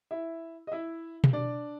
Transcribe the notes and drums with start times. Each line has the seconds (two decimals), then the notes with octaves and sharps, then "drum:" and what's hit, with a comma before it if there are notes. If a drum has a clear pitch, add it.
0.11 E4 E5
0.67 D#5
0.72 E4 E5
1.24 drum: tom B2
1.33 D4 D5